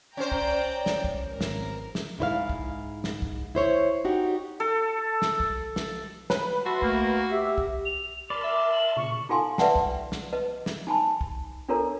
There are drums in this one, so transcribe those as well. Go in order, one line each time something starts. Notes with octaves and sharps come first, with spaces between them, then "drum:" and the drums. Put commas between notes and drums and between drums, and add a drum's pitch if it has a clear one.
C#4 C5 D5 G5 A#5
drum: kick B1
drum: snare
drum: kick B1
G#1 A#4
drum: snare
drum: snare
G#2 E4 C5 F5
drum: kick B1
drum: snare
drum: kick B1
E4 C5 C#5
D#4 F#4 G4
A4
drum: snare
drum: kick B1
drum: snare
B4, drum: snare
F#4 E5 A5 C6
A3 A#3, drum: kick B1
G4 E5
drum: kick B1
F7
A#4 D5 A5 B5 C6
E5
F#7
A#2 C#3 C#6
D#4 F4 A4 F5 G#5 C6
B4 D5 E5 F#5 G5 A5, drum: snare
drum: kick B1
drum: snare
B4 D#5
drum: snare
D#4 G#5 A5 B5
drum: kick B1
D4 F4 A4 A#4 C#5 A#5